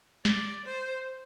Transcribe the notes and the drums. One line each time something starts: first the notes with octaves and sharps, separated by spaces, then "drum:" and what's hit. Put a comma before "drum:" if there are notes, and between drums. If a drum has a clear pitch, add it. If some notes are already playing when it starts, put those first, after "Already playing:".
D5, drum: snare
C5